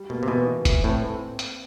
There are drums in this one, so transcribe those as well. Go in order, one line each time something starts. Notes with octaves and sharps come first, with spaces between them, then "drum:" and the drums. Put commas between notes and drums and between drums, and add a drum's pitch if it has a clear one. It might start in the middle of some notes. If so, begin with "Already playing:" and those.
Already playing: G3
B2 A#3
C3
B2 E3
E3
E3, drum: kick, hi-hat
A2 C4
drum: hi-hat